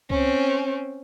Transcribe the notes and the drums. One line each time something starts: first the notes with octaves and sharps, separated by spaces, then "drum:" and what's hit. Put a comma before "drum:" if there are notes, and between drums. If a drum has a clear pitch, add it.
C4 C#4, drum: kick C2